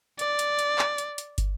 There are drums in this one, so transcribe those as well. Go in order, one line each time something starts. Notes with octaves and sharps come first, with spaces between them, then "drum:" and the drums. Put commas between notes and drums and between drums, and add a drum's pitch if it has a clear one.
D5, drum: hi-hat
drum: hi-hat
drum: hi-hat
drum: clap
drum: hi-hat
drum: hi-hat
drum: kick, hi-hat